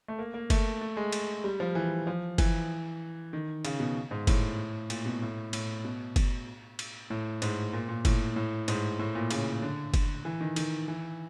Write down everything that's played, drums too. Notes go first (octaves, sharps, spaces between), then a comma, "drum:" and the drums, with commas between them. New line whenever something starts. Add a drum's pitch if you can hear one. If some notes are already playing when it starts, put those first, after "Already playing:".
A3
A#3
A#3
A3, drum: kick F#1, cymbal
A3
G#3
drum: cymbal
G3
F3
E3
F3
E3, drum: kick F#1, cymbal
D#3
C#3, drum: cymbal
B2
G#2
A2, drum: kick F#1, cymbal
A#2, drum: cymbal
B2
A2
A2, drum: cymbal
B2
drum: kick F#1, cymbal
drum: cymbal
A2
G#2, drum: cymbal
A#2
A#2
A2, drum: kick F#1, cymbal
A2
G#2, drum: cymbal
A2
A#2
C#3, drum: cymbal
D3
drum: kick F#1, cymbal
E3
D#3
D#3, drum: cymbal
E3